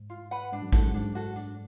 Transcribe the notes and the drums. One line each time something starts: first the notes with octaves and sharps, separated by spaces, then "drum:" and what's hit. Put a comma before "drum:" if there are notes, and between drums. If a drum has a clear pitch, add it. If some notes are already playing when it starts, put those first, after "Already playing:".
Already playing: G#2
F4
B4 F#5 B5
G#2 D4
F#2
G#2 F#4 A4, drum: kick
F#2
G#2 D4
F#4 A4
D4